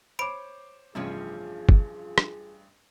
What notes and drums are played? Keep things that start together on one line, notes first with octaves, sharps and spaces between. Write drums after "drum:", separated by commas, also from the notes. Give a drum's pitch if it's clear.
C5 C#5 B5 D6 D7
A1 G2 C3 F3 C#4 F4 G#4
drum: kick G1
drum: rim click